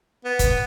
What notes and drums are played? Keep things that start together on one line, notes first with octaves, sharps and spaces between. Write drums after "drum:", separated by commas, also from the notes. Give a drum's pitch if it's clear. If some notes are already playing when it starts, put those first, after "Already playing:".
B3
drum: kick, hi-hat